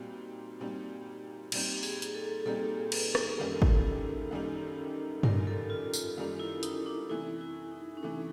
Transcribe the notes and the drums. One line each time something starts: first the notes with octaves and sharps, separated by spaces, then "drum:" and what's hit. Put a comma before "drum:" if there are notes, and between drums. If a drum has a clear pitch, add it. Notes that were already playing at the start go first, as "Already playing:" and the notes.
Already playing: A#2 G3 C4 D#4 F#4
A#2 G3 C4 D#4
A#2 G3 C4 D#4 G4, drum: cymbal
G#4, drum: open hi-hat
drum: hi-hat
A4
A#2 G3 C4 D#4 A4
B4, drum: cymbal
A#4, drum: rim click
F#2 D#3 G3 A#3 D#4 A#4
A4
G#4, drum: kick
A4
F#2 D#3 G3 A#3 D#4
F#2 D#3 G3 A#3 D#4 A#4, drum: tom G2
A4
F4
F4, drum: tambourine
F#2 D#3 G3 A#3 D#4
E4
D#4, drum: hi-hat
D4
C3 E3 A3 E4
E4
D#4
C#4
C3 E3 A3 D4